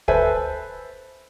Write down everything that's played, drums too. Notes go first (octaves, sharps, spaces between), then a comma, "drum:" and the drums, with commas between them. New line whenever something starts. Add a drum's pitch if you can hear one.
A4 B4 C5 E5 G#5, drum: kick